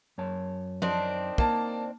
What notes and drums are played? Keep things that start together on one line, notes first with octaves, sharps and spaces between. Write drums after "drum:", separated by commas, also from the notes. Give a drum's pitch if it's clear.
F#2 C#5 A5
D#3 C4 D4, drum: tom F3
A#3 A5, drum: kick